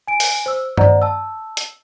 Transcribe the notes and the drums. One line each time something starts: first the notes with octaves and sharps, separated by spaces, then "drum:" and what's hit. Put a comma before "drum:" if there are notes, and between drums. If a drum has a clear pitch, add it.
G#5 D7
drum: open hi-hat
C5 E6
C5 D5 D#5 F#5 A#5, drum: tom
A5 E6
drum: hi-hat